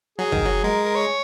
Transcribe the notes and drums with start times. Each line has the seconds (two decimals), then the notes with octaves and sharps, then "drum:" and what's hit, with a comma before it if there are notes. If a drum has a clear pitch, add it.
0.18 F#3 G#4
0.32 D#3, drum: kick
0.46 F#3
0.64 G#3 A#4
0.85 A#4
0.95 C#5